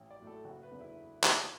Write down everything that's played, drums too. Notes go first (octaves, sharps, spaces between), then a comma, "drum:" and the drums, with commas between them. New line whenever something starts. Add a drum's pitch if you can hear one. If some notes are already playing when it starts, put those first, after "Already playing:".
Already playing: A1
D5
A2 F#3
A4
F#1 F#4
B4
E2 D3 F#3
E4
drum: clap